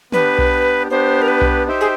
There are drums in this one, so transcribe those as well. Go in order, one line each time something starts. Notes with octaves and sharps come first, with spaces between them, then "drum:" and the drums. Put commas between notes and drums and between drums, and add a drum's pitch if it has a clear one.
B3 D4 G4 B4, drum: tom
drum: kick B1
B3 D4 G4 C5
A#4
B4
drum: kick B1
D#4 G4 C5 E5 G5
G#4